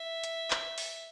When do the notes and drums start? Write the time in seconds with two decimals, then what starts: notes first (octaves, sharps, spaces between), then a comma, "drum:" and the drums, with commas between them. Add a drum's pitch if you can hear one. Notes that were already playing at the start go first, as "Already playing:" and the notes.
Already playing: E5
0.24 drum: hi-hat
0.51 drum: clap
0.78 drum: open hi-hat